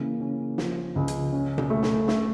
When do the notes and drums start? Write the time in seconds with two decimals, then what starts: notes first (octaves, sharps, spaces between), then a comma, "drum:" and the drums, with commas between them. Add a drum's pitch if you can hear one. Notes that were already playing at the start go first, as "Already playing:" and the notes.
Already playing: C#3 E3 A#3
0.20 C#4
0.58 F3, drum: snare
0.96 C#2
1.08 drum: hi-hat
1.32 C#4
1.58 drum: tom B2
1.70 A3
1.83 drum: snare
2.08 A3, drum: snare